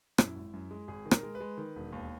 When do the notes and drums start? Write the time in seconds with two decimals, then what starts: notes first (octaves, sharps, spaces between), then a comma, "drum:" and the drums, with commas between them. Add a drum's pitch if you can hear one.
0.18 F#2 E4, drum: rim click
0.36 G#1
0.53 F#2
0.71 G#3
0.88 G#1 G#4
1.05 D#3
1.11 A#4, drum: rim click
1.23 G#3
1.35 B4
1.40 G#3
1.58 D#3
1.76 E1
1.92 D#2